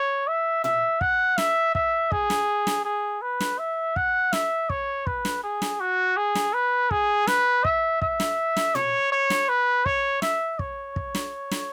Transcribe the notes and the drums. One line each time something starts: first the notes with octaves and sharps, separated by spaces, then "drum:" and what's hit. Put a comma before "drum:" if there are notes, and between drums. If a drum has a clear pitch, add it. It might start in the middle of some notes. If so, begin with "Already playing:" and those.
Already playing: C#5
E5
E5, drum: tom A#2
F#5, drum: kick
E5, drum: snare
E5, drum: kick
G#4, drum: kick
drum: snare
drum: snare
G#4
B4
drum: snare
E5
F#5, drum: kick
E5, drum: snare
C#5, drum: kick
B4, drum: kick
drum: snare
G#4
drum: snare
F#4
G#4
drum: snare
B4
G#4, drum: kick
B4, drum: snare
E5, drum: kick
E5, drum: kick
drum: snare
drum: snare
C#5, drum: tom A#2
C#5
drum: snare
B4
C#5, drum: kick
E5, drum: snare
C#5, drum: kick
drum: kick
drum: snare
drum: snare